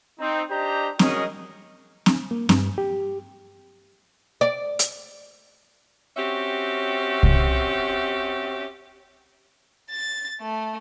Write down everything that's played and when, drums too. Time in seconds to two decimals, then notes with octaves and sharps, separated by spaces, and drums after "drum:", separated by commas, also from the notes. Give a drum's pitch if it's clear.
0.19 C4 D#4
0.49 D4 G4 C5 D5 D#5 A#5
0.99 C#4 F#4 G#4 A#4 D#5, drum: snare C4
2.06 drum: snare C4
2.31 A#3
2.49 G2, drum: snare C4
2.78 G4
4.41 D5
4.79 drum: hi-hat
6.17 C4 C#4 F#4 G4 E5
7.23 drum: kick C2
9.90 A6
10.41 A3